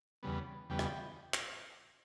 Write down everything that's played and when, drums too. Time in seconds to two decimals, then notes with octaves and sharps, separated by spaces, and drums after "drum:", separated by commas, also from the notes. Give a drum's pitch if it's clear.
0.23 E2 C#3 G3 B3
0.70 E2 C#3 G3 B3 G5
0.79 drum: rim click
1.34 drum: clap